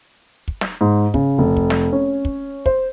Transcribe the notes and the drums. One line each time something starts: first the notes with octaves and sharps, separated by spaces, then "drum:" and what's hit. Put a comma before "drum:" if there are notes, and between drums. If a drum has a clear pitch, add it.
drum: kick
drum: snare
G#2
C#3, drum: kick
F1
drum: kick
drum: snare
C#4
drum: kick
C5, drum: kick